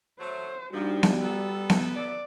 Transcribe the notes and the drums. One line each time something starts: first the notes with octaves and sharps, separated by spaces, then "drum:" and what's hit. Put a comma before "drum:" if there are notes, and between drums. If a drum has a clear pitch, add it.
F#3 A3 C5
A#2 F3 G3 D4 D#4 F#4 A#5
drum: snare B3
B3 A4 A#5
drum: snare B3
D5